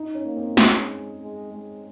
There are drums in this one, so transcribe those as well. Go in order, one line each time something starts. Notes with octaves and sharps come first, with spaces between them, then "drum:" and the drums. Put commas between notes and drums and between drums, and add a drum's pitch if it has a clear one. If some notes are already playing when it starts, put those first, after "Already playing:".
Already playing: D#4
C#4
A#3
C4
G#3 C#4, drum: snare
G#3
G#3